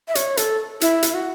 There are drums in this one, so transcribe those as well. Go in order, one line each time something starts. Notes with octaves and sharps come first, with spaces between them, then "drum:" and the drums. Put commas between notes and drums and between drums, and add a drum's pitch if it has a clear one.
E5
C#5, drum: hi-hat
A4, drum: hi-hat
E4, drum: hi-hat
drum: hi-hat
F#4